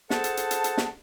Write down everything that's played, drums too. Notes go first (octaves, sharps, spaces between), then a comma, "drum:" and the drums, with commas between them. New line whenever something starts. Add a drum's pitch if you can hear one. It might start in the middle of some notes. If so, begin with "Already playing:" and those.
G#4 A4 C5 F#5 A5, drum: snare
drum: hi-hat
drum: hi-hat
drum: hi-hat
drum: hi-hat
drum: snare